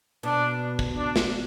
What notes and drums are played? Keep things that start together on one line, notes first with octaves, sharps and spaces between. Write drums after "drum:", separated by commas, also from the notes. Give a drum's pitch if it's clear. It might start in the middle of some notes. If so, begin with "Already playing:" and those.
B2 D4
drum: kick
D4
drum: snare